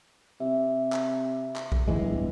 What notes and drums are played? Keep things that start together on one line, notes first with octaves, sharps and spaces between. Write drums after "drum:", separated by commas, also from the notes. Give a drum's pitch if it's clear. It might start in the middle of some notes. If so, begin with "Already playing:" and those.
C3 E5
drum: clap
drum: clap
drum: kick A#1
D1 G1 E3 G#3